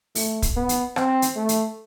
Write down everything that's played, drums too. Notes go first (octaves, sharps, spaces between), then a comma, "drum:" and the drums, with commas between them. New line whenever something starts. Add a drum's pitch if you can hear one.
A3, drum: open hi-hat
drum: kick, hi-hat
B3
drum: hi-hat
C4, drum: rim click
drum: hi-hat
A3
drum: hi-hat